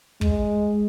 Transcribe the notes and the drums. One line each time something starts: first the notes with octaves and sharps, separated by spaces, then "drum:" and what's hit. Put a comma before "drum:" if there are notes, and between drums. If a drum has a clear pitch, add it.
G#3, drum: kick